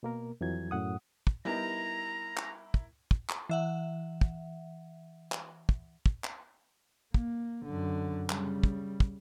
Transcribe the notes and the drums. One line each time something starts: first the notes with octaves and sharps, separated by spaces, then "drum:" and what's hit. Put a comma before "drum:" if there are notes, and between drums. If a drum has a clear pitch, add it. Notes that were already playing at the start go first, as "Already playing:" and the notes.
B2 A#3 A#4
F2 E3 F#3 G#6
F#2 A2 F#5 D#6
drum: kick
G3 B3 D#4 E4 A#4 A#5 A#6
drum: clap
drum: kick
drum: kick
drum: clap
E3 E5 F#5
drum: kick
drum: clap
drum: kick
drum: kick
drum: clap
A#3, drum: kick
F#2 D3
C#3 G3, drum: clap
drum: kick
drum: kick